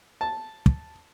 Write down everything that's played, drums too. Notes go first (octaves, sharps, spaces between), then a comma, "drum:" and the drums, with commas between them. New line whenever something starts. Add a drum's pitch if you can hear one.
A5
drum: kick